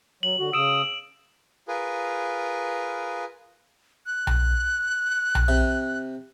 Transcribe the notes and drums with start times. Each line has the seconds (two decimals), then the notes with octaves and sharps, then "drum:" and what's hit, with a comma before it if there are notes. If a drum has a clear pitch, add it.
0.23 F#3 F#7
0.39 D3 F#4
0.53 C#3 D#6 E6 D7 E7
1.68 F4 G#4 A#4 B4
4.06 F#6
4.27 drum: tom B1
5.35 drum: tom B1
5.48 C3